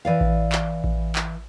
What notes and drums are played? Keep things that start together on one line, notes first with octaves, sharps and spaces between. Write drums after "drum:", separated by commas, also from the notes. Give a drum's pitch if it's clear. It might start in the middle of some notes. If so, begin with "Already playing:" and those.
E3 D5 F5
drum: kick A1
drum: clap
drum: kick A1
drum: clap